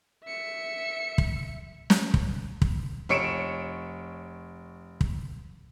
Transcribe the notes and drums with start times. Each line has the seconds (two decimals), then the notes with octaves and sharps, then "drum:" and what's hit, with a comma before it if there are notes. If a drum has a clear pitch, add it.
0.24 E5 C#7
1.18 drum: kick
1.90 drum: snare
2.14 drum: kick
2.62 drum: kick
3.09 F1 C#5 C#7 D7 E7
5.01 drum: kick